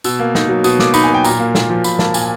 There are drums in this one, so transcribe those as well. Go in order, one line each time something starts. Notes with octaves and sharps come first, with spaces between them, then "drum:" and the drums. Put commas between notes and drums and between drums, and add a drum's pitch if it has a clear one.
B2 E6, drum: tambourine
A#3
D#4, drum: snare
F#3
B2 D#6, drum: tambourine
A#3 D6, drum: snare
D#4 B5, drum: tambourine
G#5
F#3 G5
A#2 A#5, drum: tambourine
A#3
A#2, drum: snare
F3
A#2 B5, drum: tambourine
A#3 A5, drum: snare
A#2 G#5, drum: tambourine